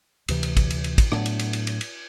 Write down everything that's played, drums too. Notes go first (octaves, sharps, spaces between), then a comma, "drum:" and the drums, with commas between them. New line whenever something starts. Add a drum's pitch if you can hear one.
D2 C3 E3, drum: cymbal
drum: cymbal
drum: kick, cymbal
drum: cymbal
drum: cymbal
drum: kick, cymbal
A2 F#3 B3 D4, drum: rim click
drum: cymbal
drum: cymbal
drum: cymbal
drum: cymbal
drum: cymbal